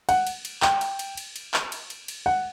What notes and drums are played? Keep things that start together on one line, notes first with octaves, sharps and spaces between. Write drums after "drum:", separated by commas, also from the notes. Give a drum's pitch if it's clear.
F#5, drum: cymbal
drum: cymbal
drum: cymbal
G5, drum: clap
drum: cymbal
drum: cymbal
drum: cymbal
drum: cymbal
drum: clap
drum: cymbal
drum: cymbal
drum: cymbal
F#5